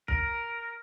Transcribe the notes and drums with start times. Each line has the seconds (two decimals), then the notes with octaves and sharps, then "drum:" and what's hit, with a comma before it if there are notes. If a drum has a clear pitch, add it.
0.08 A#4, drum: kick